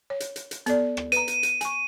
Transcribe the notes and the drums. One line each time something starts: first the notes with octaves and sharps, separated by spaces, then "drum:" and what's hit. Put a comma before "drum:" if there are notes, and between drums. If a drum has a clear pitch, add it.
C#5
drum: hi-hat
drum: hi-hat
drum: hi-hat
B3 A4 D5, drum: hi-hat
drum: rim click
B4 A#5 D#7, drum: hi-hat
drum: hi-hat
drum: hi-hat
G#5 C#6, drum: hi-hat